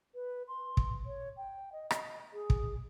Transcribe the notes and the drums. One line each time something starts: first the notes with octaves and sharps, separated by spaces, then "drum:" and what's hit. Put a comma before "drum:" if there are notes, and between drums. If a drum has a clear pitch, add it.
B4
C6
drum: kick
C#5
G5
D#5
D#5, drum: rim click
G#4
drum: kick